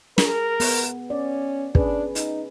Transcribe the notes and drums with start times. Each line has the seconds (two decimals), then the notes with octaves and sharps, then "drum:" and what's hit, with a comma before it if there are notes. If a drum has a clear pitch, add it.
0.18 G#4 A#4, drum: snare
0.60 B3, drum: open hi-hat
1.10 C#4 D5
1.75 C#4 D4 G#4 B4, drum: kick
2.15 D#4, drum: hi-hat